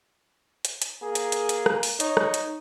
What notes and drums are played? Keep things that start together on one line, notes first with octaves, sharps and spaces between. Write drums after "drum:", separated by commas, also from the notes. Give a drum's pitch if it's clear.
drum: hi-hat
drum: hi-hat
A#3 G#4
drum: hi-hat
drum: hi-hat
drum: hi-hat
drum: rim click
drum: open hi-hat
D#4 C#5, drum: hi-hat
drum: rim click
drum: hi-hat